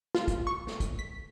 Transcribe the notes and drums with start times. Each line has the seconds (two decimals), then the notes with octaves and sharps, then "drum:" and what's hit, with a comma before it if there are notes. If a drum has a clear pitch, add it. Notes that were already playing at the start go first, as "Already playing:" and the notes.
0.15 F4, drum: snare
0.28 drum: kick, hi-hat
0.47 C#6
0.67 drum: snare
0.80 drum: kick, hi-hat
0.99 B6